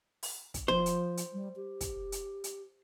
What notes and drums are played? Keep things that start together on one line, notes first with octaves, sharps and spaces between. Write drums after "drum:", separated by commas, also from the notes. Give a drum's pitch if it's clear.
drum: open hi-hat
drum: kick, hi-hat
F3 C5
drum: hi-hat
drum: hi-hat
G3
G4
drum: kick, hi-hat
drum: hi-hat
drum: hi-hat